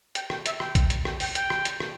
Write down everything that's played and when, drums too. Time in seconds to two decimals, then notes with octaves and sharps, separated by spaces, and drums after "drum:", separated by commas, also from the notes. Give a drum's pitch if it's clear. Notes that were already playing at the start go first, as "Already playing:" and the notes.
0.15 G5, drum: hi-hat
0.30 G5, drum: rim click
0.46 E5, drum: hi-hat
0.60 G5, drum: rim click
0.75 drum: kick, hi-hat
0.90 drum: hi-hat
1.05 G5, drum: rim click
1.20 G5, drum: open hi-hat
1.35 G5, drum: hi-hat
1.50 drum: rim click
1.65 drum: hi-hat
1.80 drum: rim click